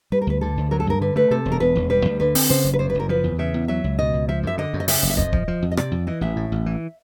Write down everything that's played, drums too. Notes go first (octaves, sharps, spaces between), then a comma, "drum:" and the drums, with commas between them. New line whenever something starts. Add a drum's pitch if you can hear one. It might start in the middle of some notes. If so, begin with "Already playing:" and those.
G3 B4
A#4
D2 B4
D3 A4
D2
F#3 A#4
A4
G2 A#4
D3 B4
A3 B4
C3 A4
E1
A#4
E2 B4
E1
G3 B4
D2
D3 B4
C4, drum: open hi-hat
C#3 C5
F#1
B4
F#2 C5
B4
F#1 A#4
F3 B4
E2
C#3 E5
E2
F#3 E5
C#2
B2 D#5
C#2
F3 E5
F#2 E5
D3 D#5
F#2
D#5
C#3 E5, drum: open hi-hat
F#1
E5
F2 D#5, drum: kick
F3, drum: kick
F3
F2
D#5
C3 D5, drum: rim click
F2
E3 D#5
A1 E5
A2
A1
E3